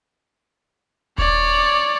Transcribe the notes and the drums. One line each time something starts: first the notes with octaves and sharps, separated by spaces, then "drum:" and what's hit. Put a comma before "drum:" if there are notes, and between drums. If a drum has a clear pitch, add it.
C#5 D5, drum: kick D#1